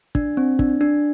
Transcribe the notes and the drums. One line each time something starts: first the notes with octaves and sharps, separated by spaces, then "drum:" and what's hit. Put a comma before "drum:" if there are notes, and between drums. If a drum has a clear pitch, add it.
D4, drum: kick
C4
D4, drum: kick
D4